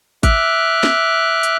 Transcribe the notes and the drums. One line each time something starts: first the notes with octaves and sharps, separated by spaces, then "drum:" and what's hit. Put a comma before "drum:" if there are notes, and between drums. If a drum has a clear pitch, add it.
E5 D6 F6 F#6, drum: kick G#1, hi-hat
drum: snare
drum: hi-hat